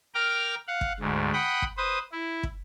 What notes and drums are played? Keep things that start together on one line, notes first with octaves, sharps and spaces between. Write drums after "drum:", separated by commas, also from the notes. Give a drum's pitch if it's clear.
A#4 G5 A#5 D6 F6
F5 F#5
drum: kick
D2 G#2
F#5 G5 B5 D#6 F#6
drum: kick
B4 C5 D#6
E4
drum: kick